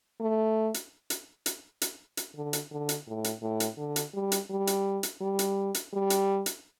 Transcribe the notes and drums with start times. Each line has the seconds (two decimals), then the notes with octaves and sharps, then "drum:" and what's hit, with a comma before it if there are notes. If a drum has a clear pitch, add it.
0.20 A3
0.74 drum: hi-hat
1.10 drum: hi-hat
1.46 drum: hi-hat
1.82 drum: hi-hat
2.17 drum: hi-hat
2.35 D3
2.53 drum: hi-hat
2.71 D3
2.89 drum: hi-hat
3.07 A2
3.24 drum: hi-hat
3.42 A2
3.60 drum: hi-hat
3.77 D3
3.96 drum: hi-hat
4.14 G3
4.32 drum: hi-hat
4.50 G3
4.67 drum: hi-hat
5.03 drum: hi-hat
5.21 G3
5.39 drum: hi-hat
5.74 drum: hi-hat
5.93 G3
6.10 drum: hi-hat
6.46 drum: hi-hat